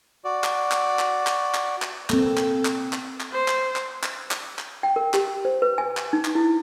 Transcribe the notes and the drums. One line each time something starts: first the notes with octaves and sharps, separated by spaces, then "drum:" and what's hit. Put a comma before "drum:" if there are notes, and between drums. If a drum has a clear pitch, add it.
F#4 D5
drum: clap
drum: clap
drum: clap
drum: clap
drum: clap
drum: clap
A#3 C4 A4, drum: clap
drum: clap
drum: clap
drum: clap
drum: clap
C5
drum: clap
drum: clap
drum: clap
drum: clap
drum: clap
G5
A#4
G4, drum: clap
C5
B4
G#5
drum: clap
D#4
drum: clap
E4